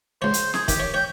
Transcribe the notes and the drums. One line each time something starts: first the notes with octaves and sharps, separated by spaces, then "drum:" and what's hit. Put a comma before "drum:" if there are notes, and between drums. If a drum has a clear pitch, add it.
C#2 C5 C#5
drum: hi-hat
G#4, drum: snare
D#3 G4, drum: kick, hi-hat
C#5
C#5 G5